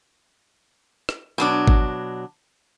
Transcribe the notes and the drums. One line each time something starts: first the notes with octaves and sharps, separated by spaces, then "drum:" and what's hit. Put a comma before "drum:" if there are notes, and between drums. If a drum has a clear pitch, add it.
drum: rim click
B2 F#3 D4
drum: kick G#1